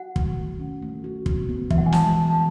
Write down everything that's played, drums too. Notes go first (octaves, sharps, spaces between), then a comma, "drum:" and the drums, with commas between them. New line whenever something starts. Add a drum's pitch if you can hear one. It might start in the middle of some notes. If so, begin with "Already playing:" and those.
Already playing: F#4 F#5
D#3, drum: kick
A3
C#4
A3
F#4
B3, drum: kick
B3
E3 E5, drum: kick
F#5
G#5
G#3 A5, drum: snare
G#3
A5